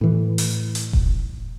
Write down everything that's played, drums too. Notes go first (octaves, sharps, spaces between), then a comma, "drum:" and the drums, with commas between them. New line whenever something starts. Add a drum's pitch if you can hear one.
A2 E3
drum: open hi-hat
drum: hi-hat
drum: kick E1